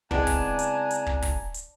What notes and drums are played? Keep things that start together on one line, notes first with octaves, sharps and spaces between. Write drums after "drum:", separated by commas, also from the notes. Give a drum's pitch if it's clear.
C#3 G#3 B3 C4 D4 E4 G#5 A#5, drum: kick
drum: kick, open hi-hat
drum: hi-hat
drum: hi-hat
drum: kick
drum: kick, open hi-hat
drum: hi-hat